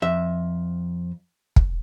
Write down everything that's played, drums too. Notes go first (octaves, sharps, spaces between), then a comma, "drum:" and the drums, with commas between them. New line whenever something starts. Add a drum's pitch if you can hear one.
F2 E5
drum: kick